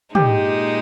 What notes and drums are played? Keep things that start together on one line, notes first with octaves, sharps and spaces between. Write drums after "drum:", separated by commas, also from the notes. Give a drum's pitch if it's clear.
A#2 G#3 D#4 G4, drum: tom